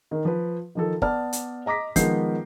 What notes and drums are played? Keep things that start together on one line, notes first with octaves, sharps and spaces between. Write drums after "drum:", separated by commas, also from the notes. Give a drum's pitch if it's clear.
D#3
F3 B4
D#3 F3 A4
B3 D5 A5 F6, drum: kick
drum: hi-hat
D#5 A#5 D6 A#6 B6
D#3 F3 G#3 B3 G6 C7, drum: kick, hi-hat